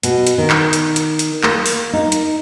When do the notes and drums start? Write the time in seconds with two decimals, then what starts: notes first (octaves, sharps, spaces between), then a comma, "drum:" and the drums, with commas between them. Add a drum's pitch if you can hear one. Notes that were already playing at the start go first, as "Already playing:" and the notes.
0.03 B2, drum: hi-hat
0.27 drum: hi-hat
0.38 D#3
0.50 drum: clap
0.73 drum: hi-hat
0.96 drum: hi-hat
1.19 drum: hi-hat
1.43 A#3, drum: clap
1.66 drum: open hi-hat
1.93 D#4
2.12 drum: hi-hat